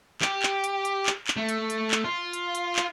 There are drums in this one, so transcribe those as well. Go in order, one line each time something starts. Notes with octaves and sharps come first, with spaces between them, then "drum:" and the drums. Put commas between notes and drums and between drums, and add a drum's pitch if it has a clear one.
G4, drum: clap
drum: clap
drum: hi-hat
drum: hi-hat
drum: clap
drum: clap
A3
drum: hi-hat
drum: hi-hat
drum: clap
F4
drum: hi-hat
drum: hi-hat
drum: clap